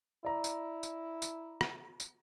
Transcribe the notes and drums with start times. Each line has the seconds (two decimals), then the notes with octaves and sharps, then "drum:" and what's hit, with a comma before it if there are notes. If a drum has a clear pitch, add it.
0.25 E4 D5 A#5
0.44 drum: tambourine
0.83 drum: tambourine
1.22 drum: tambourine
1.61 drum: rim click
2.00 drum: tambourine